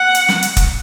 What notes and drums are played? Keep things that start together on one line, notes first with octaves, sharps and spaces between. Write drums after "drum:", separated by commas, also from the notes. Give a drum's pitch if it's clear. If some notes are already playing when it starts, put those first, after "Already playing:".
Already playing: F#5
drum: hi-hat
drum: snare
drum: hi-hat
drum: kick, hi-hat